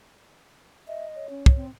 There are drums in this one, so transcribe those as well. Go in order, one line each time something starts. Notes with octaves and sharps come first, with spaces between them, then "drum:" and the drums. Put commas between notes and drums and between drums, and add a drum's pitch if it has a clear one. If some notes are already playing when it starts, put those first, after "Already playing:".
D#5 E5
C#5
C#4
drum: kick
C4